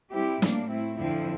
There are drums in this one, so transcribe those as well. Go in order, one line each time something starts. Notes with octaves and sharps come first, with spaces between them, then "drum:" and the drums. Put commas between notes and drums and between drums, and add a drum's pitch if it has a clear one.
G3 C4 E4 G4
A2 G3 A#3 D4, drum: snare
A3 C4 E4
F2 D3 F3 C4 E4